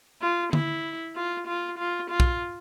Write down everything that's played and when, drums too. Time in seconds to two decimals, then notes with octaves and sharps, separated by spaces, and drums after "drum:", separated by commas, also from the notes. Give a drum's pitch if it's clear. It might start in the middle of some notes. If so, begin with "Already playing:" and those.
0.22 F4
0.53 E4, drum: tom D3
1.16 F4
1.47 F4
1.78 F4
2.10 F4
2.20 drum: kick